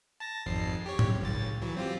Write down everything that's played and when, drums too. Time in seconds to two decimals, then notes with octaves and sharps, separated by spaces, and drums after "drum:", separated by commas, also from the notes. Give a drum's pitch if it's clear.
0.20 A5 A6 A#6
0.46 G#1 F2 C7
0.86 G4 C#5
0.99 drum: tom A2
1.21 G#1 C#2 A6
1.62 E3 F#3
1.77 C4 F4 G4